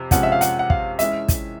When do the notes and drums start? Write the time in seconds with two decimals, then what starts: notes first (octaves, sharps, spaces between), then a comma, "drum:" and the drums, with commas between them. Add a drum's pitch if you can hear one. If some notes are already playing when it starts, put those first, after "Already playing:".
Already playing: F2 C3
0.11 F2 C3 F3 G#3 C#4 F#5, drum: kick, hi-hat
0.23 E5
0.32 F5
0.41 F#5, drum: hi-hat
0.59 F#5
0.70 F5, drum: kick
0.99 E3 G#3 C#4 E5, drum: hi-hat
1.28 drum: kick, hi-hat